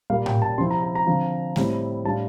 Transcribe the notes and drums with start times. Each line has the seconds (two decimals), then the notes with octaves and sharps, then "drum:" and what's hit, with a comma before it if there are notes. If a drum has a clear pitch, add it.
0.10 A#2 G3 A#3 F5
0.26 G5, drum: tom A2
0.42 A5
0.58 C3 F3 C4 E4 C6
0.71 A#5
0.83 A#5
0.95 A#5
1.07 D3 F3 C4 F4
1.56 A2 G3 C4 E4, drum: snare A3
2.04 A2 G3 D4 F4 A5